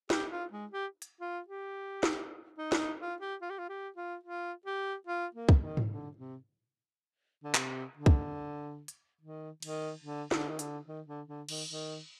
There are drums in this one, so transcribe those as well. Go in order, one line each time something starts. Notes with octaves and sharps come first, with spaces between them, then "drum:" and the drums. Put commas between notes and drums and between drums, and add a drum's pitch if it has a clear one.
G4, drum: snare
F4
G#3
G4
drum: hi-hat
F4
G4
drum: snare
D#4
D4, drum: snare
D#4
F4
G4
F4
G4
F4
G4
F4
F4
G4
F4
A#3
drum: kick
D#3
drum: tom G#2
D3
C3
D3
C3, drum: clap
D3
drum: kick
drum: hi-hat
D#3
D#3, drum: cymbal
D3
D3, drum: snare
D#3
D3, drum: hi-hat
D#3
D3
D3
D#3, drum: cymbal
D#3